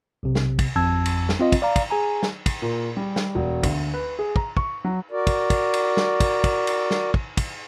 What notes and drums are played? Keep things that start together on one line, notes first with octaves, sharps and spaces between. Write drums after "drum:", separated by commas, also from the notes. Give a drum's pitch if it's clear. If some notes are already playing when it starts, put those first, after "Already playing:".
B1 C3
drum: snare
drum: kick, cymbal
G#1 F2 A5 E6 G#6
drum: cymbal
drum: snare
C4 F4 D#5
drum: kick, cymbal
D5 F5 A#5
drum: kick, cymbal
G#4 G#5 A#5
drum: snare
drum: kick, cymbal
A#2
G3
drum: snare
E1
D2, drum: kick, cymbal
B4
G#4
A#5, drum: kick
C#6, drum: kick
F#3
F#4 A#4 D5
drum: kick, cymbal
drum: kick, cymbal
drum: cymbal
drum: snare
drum: kick, cymbal
drum: kick, cymbal
drum: cymbal
drum: snare
drum: kick
drum: kick, cymbal